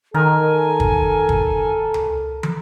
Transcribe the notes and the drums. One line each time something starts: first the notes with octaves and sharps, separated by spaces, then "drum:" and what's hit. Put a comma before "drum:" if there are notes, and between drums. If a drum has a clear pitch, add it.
D#3 A4 A#4 G#5
drum: kick
drum: kick
drum: tom C#2
drum: tom